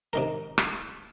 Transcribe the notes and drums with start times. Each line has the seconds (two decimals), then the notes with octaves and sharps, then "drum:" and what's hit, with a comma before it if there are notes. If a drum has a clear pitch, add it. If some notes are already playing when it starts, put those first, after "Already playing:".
0.13 C3 D#3 A#4
0.58 drum: rim click